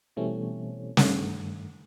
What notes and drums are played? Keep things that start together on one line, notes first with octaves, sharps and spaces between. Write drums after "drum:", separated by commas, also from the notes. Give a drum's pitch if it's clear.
B2 E3 G3 A3 C4 C#4
G2 D#3 A3, drum: snare